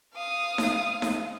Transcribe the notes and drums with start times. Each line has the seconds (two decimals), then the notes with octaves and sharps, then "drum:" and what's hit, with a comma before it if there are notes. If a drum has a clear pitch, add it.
0.14 F5 D#6
0.58 drum: snare D#4
1.02 drum: snare D#4